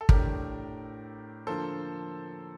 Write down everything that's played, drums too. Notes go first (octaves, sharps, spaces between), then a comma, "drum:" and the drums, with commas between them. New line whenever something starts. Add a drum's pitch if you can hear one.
A4
A2 A3 D4 G4 A#4, drum: kick
D3 F3 A#3 A4 C5